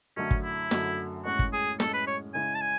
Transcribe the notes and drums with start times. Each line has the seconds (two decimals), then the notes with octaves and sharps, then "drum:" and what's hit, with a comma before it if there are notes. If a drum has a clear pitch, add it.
0.17 F#2 D3 F#3 A3 C#4
0.31 drum: kick
0.44 E4
0.71 F#2 D3 F#3 A3, drum: snare
1.25 A2 G#3 C#4 F#4
1.39 drum: kick
1.53 G#4
1.80 A2 G#3 C#4 A4, drum: snare
1.94 B4
2.07 C#5
2.34 C#3 G#3 C#4 E4 G#5
2.55 A5
2.61 G#5